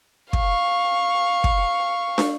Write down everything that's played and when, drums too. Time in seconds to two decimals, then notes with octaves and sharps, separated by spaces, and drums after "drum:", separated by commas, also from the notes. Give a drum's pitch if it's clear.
0.33 F5 C#6, drum: kick
1.44 drum: kick
2.18 drum: snare